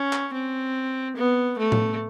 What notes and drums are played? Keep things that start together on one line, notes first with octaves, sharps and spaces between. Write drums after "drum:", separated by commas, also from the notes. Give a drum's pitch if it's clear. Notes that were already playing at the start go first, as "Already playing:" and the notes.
Already playing: C#4
drum: clap
C4
B3
A3
drum: tom A2